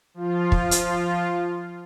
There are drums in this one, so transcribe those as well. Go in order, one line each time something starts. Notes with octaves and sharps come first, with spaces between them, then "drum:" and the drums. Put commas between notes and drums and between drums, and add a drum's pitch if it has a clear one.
F3 F4
drum: kick
drum: hi-hat